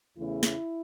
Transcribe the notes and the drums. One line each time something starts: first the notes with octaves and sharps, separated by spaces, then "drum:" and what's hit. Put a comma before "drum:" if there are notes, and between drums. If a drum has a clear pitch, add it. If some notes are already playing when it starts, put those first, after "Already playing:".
E2 C#3 E3 A3 E4
drum: snare